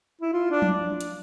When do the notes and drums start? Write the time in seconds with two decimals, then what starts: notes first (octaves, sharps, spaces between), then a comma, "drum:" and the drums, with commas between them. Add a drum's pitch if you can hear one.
0.21 E4
0.33 F4
0.51 D4
0.62 drum: tom F3
1.01 drum: hi-hat